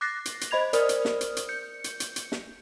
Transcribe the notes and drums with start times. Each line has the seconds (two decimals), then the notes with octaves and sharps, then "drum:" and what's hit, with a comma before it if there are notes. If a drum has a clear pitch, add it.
0.01 D6 F#6 A6 A#6 C7
0.25 drum: hi-hat
0.41 drum: hi-hat
0.51 C5 D#5 B5 G#6 F7
0.73 A#4 C5 D5 D#6 F6, drum: hi-hat
0.89 drum: hi-hat
1.05 drum: snare
1.21 drum: hi-hat
1.37 drum: hi-hat
1.49 G6 C#7
1.84 drum: hi-hat
2.00 drum: hi-hat
2.16 drum: hi-hat
2.32 drum: snare